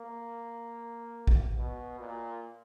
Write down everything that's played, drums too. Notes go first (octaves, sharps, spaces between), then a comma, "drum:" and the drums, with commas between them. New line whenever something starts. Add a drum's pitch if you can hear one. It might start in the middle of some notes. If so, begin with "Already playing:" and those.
Already playing: A#3
drum: kick
B2
A#2